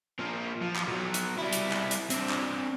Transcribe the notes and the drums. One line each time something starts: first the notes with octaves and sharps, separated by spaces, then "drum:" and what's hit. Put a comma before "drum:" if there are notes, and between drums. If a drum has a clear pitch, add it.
F3 A#3
F3
drum: clap
B2 F#3
drum: hi-hat
G3 E4
drum: hi-hat
drum: clap
drum: hi-hat
C4 D4, drum: hi-hat
drum: clap